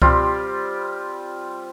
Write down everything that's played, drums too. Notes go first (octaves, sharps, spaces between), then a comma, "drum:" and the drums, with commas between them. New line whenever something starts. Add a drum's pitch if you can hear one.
G3 C4 F4 G4, drum: kick C#2